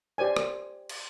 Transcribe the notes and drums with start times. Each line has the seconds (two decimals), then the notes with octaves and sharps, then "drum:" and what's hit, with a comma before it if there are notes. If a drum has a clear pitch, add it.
0.18 G4 C5 D5 G#5
0.37 drum: rim click
0.89 drum: cymbal